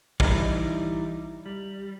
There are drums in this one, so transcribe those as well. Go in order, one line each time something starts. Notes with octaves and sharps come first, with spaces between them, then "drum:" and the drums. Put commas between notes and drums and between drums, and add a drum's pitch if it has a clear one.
E3 G3 D#4 E4, drum: kick
G3